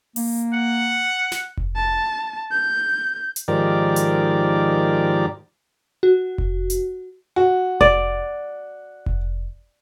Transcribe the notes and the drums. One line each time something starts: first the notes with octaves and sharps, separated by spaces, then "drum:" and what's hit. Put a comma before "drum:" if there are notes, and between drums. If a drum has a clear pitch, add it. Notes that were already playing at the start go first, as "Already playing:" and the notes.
A#3, drum: open hi-hat
F#5
drum: snare
drum: kick F1
A5
G6
drum: hi-hat
G#2 D#3 F3 G4 A#4 D5
drum: hi-hat
F#4
drum: kick F1
drum: hi-hat
F#4
D5, drum: kick F1
drum: kick F1